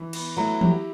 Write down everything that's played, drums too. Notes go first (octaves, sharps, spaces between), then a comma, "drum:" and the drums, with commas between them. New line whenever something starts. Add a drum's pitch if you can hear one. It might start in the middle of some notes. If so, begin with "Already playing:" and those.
Already playing: E3
B3, drum: cymbal
F#3 A3 E4
G4, drum: tom E3